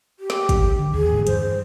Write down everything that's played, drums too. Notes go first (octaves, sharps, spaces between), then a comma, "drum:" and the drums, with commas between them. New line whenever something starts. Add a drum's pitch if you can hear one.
G4
drum: snare
drum: kick, hi-hat
D3
D#2 G#4
G#2 D3 E3
G2 E3 G3 C5, drum: hi-hat